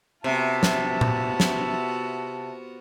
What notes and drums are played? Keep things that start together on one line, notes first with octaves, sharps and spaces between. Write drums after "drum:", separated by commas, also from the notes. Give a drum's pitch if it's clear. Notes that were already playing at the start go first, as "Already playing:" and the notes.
C3 B3 F4 F#4 E5 A5
drum: snare
drum: tom A#2
drum: snare